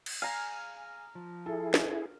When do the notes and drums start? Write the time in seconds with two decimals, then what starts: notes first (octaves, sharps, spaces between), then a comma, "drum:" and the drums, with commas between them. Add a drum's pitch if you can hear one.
0.06 drum: cymbal
0.22 G#4 F5 G#5 A#5
1.15 F3
1.46 E4 G#4 A4
1.74 drum: snare